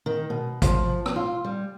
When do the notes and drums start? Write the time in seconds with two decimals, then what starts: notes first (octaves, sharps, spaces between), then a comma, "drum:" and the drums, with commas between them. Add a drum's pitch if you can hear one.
0.06 D#3
0.30 B2
0.62 F3, drum: kick G#1, hi-hat
1.06 drum: rim click
1.16 F4
1.45 G3